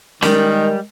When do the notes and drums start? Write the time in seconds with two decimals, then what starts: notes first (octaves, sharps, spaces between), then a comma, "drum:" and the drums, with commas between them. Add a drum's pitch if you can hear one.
0.22 D#3 G3 G#3 A#4, drum: snare